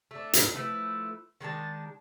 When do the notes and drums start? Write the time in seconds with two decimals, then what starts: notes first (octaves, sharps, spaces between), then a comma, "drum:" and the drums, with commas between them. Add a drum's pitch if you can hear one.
0.11 A3 D4
0.33 drum: hi-hat
0.54 F3 A3 E4 B4
1.41 D#3 G#3 D4 A5